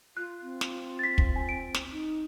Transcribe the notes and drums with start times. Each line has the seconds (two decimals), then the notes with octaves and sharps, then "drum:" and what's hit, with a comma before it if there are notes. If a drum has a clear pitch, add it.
0.17 F4 F#6
0.42 C4
0.61 drum: snare
0.99 A6 B6
1.18 drum: kick
1.36 G#5
1.49 D7
1.74 drum: snare
1.92 D#4